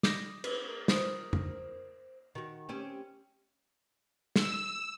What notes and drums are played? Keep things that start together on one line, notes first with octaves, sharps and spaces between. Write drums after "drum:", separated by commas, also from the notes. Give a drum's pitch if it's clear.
D6 D#6 G6 A#6, drum: snare
B4, drum: cymbal
A#4
F4 C5 D#6, drum: snare
drum: tom F2
D#3 F#4
C4 C#4 G4
E6, drum: snare